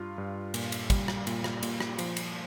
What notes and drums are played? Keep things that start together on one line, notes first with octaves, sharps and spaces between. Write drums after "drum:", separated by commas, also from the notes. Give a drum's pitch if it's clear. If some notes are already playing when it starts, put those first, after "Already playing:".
Already playing: G2 F4
G2
A#2, drum: cymbal
drum: cymbal
G3, drum: kick, cymbal
drum: rim click
A#2, drum: cymbal
drum: rim click
A#2, drum: cymbal
drum: rim click
F3, drum: cymbal
drum: cymbal